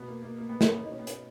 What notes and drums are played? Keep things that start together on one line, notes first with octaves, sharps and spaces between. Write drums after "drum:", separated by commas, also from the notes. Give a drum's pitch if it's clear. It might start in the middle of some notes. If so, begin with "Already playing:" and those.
Already playing: B2 B3
A#3
A#3
A#3
B3
C#4, drum: snare
B3
B2 D#4
C#4
B3
C#4, drum: hi-hat